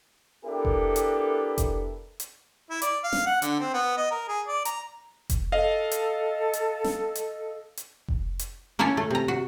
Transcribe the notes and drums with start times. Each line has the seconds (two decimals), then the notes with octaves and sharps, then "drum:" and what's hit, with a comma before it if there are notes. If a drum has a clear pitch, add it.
0.45 B3 D4 E4 G4 A4 A#4
0.65 drum: kick F1
0.96 drum: hi-hat
1.58 drum: kick F1, hi-hat
2.20 drum: hi-hat
2.70 E4
2.82 D5, drum: hi-hat
3.04 F5
3.13 drum: snare
3.26 F#5
3.42 D3, drum: hi-hat
3.60 C4
3.74 B3
3.97 D#5
4.11 A#4
4.28 G#4
4.47 D5
4.65 A#5, drum: hi-hat
5.30 drum: kick F1, hi-hat
5.52 A4 D#5 F5
5.91 drum: hi-hat
6.53 drum: hi-hat
6.84 drum: snare
7.15 drum: hi-hat
7.77 drum: hi-hat
8.08 drum: kick F1
8.39 drum: hi-hat
8.79 A#3 C#4 E4 C#5 A5
8.97 A3
9.10 C3 A#5
9.28 F#4